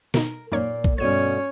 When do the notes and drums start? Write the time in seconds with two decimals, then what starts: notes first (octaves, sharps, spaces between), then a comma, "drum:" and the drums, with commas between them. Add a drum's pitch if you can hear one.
0.14 B2 D#4 A#4, drum: snare
0.52 F#2 A#2 A#3 D#4 C#5
0.84 drum: kick
0.98 G2 B2 A3 C#4 C#5 G#6 D#7